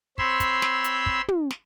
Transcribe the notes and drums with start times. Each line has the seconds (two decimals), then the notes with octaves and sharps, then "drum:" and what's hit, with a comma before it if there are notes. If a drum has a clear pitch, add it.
0.18 C4 C#5 B5 C6 E6, drum: kick
0.40 drum: kick, hi-hat
0.62 drum: snare
0.84 drum: hi-hat
1.06 drum: kick
1.28 drum: tom
1.51 drum: snare